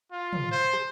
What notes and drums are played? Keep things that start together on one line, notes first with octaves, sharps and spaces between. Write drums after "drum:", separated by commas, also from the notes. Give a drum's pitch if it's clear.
F4
drum: tom
C5
drum: rim click